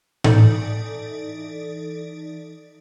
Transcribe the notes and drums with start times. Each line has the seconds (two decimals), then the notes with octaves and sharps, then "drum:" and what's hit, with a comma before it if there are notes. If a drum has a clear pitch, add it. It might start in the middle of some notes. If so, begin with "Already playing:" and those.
0.24 E3 D#4 A4 D5, drum: tom A2